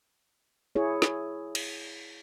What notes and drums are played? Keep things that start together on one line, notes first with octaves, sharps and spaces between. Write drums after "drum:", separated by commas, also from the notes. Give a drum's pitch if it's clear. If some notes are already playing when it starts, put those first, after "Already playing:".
E4 G#4 C#5
drum: snare
drum: cymbal